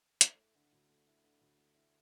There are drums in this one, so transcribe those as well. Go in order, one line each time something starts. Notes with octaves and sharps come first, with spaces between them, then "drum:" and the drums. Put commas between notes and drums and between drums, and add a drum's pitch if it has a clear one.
A3, drum: hi-hat
E4
D3
D2
A3
E4
D3
D2
A3
E4